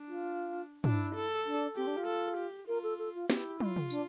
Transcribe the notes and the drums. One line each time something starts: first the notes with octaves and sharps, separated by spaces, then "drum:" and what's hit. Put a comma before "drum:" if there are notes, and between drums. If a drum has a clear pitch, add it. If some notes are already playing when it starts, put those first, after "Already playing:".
Already playing: D4
F4
D4 E4, drum: tom
A4
D4
C4 G4
D4
F4
A4
G4
F4 A#4
A4
A4
F4
E4 G4, drum: snare
F4, drum: tom
drum: tom
D4, drum: tambourine